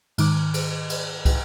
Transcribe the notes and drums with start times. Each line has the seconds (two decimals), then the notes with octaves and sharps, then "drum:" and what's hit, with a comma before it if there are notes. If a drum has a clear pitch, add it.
0.18 G#2 D#3 D6, drum: cymbal
0.54 drum: cymbal
0.90 drum: cymbal
1.25 drum: kick, cymbal